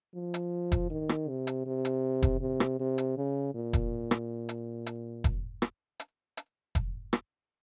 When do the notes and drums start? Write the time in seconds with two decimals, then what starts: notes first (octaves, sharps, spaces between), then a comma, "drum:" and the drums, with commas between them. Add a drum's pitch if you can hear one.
0.15 F3
0.34 drum: hi-hat
0.72 drum: kick F1, hi-hat
0.91 D#3
1.09 drum: rim click
1.29 C3
1.47 drum: hi-hat
1.66 C3
1.85 drum: hi-hat
2.22 drum: kick F1, hi-hat
2.41 C3
2.60 drum: rim click
2.80 C3
2.98 drum: hi-hat
3.17 C#3
3.55 A#2
3.73 drum: kick F1, hi-hat
4.11 drum: rim click
4.49 drum: hi-hat
4.86 drum: hi-hat
5.24 drum: kick F1, hi-hat
5.62 drum: rim click
6.00 drum: hi-hat
6.37 drum: hi-hat
6.75 drum: kick F1, hi-hat
7.13 drum: rim click